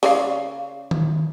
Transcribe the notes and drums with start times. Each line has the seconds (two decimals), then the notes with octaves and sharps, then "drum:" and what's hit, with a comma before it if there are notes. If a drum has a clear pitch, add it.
0.03 C#3 D5 F5, drum: open hi-hat
0.91 drum: tom D#3